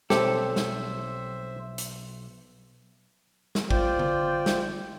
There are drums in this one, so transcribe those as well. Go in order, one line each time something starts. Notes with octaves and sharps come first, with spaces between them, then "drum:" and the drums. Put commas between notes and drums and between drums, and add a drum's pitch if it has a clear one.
B1 F2 C4 G4 A4 C5 E5, drum: snare
drum: snare
drum: hi-hat
drum: snare
F4 C5 D5 G5, drum: kick
drum: tom D3
drum: snare